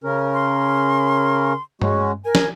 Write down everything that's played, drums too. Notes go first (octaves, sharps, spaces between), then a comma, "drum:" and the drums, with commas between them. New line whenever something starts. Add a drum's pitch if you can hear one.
C#3 C#4 A#4
C6
G#3 C#4 F#4, drum: tom G2
A#4 G#5
drum: snare